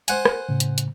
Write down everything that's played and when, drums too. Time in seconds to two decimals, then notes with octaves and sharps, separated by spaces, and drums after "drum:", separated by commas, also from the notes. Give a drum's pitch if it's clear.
0.08 C5 F#5 G#5, drum: hi-hat
0.25 drum: rim click
0.49 A2 C#3
0.60 drum: hi-hat
0.78 drum: hi-hat